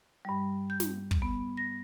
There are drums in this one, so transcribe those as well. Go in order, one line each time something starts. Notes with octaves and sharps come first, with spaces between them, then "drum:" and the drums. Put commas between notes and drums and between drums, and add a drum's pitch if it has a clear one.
G2 G3
G6
drum: snare
drum: kick
B3
A#6